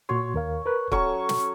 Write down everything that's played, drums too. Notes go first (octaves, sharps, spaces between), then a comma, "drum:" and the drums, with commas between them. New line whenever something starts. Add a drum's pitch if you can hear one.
A#2 F#4 C#5 C6
D#2 A#4 F5
A#4 B4 F#6
F#3 C#4 A4 C#6, drum: kick
drum: snare